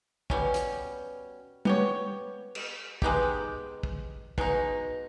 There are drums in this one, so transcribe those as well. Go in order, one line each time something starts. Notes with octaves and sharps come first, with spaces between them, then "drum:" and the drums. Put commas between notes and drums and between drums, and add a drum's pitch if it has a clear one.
B2 G3 C#4, drum: kick
drum: hi-hat
B3 G4 C#5, drum: tom
drum: cymbal
G#3 B3 D#4 G4, drum: kick
drum: kick
B2 G#3 D#4, drum: kick